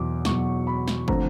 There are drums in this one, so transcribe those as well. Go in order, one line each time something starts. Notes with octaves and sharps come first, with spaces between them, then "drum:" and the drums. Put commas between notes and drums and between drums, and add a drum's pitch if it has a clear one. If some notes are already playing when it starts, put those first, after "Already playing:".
Already playing: E2 B2 F#3 D6
E2 B2 F#3 C#6, drum: snare
B5
drum: snare
D3 F3 A3 C4 A#5, drum: kick